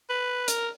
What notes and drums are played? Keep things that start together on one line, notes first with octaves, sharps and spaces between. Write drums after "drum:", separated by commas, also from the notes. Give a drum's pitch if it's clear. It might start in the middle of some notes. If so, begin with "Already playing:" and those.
B4
A#4, drum: hi-hat